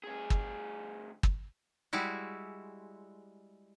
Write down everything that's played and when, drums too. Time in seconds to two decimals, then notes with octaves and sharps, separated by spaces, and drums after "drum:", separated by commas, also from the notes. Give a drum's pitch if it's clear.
0.04 D2 G#4
0.30 drum: kick
1.23 drum: kick
1.93 G3 G#3 E4 F#4